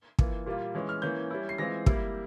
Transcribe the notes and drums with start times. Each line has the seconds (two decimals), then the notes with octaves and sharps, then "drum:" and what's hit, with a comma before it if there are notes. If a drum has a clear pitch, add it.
0.19 E3 A#3 F4, drum: kick
0.46 A#2 G3 A#3 F4
0.75 E3 G#3 C#4
0.89 F6
1.02 E3 A#3 C#4 G6
1.31 G3 C#4 E4
1.49 C7
1.58 E3 G#3 C4 F4 A#6
1.86 G3 A#3 E4, drum: kick